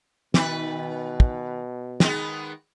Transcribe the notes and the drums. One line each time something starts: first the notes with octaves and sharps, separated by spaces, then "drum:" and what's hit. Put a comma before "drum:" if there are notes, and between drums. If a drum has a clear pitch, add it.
B2 D#3 B4, drum: snare
drum: kick
D#3 G#3 B3, drum: snare